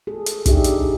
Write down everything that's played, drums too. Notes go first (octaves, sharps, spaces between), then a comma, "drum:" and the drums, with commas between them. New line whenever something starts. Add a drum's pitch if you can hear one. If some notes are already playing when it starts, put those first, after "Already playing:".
G#4 A4
drum: hi-hat
A#2 D4 D#4 G4 G#4 E5, drum: kick, hi-hat
drum: hi-hat